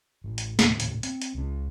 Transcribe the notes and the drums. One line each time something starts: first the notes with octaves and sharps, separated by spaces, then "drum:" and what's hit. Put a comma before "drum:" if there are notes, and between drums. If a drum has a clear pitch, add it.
A1
drum: hi-hat
A#1 D#2 A2 C#3, drum: snare
drum: hi-hat
C4, drum: hi-hat
drum: hi-hat
C#2 C#3 C#4